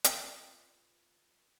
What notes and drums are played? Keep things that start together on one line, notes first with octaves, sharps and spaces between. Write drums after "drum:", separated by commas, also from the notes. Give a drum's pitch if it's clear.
F4 B4, drum: hi-hat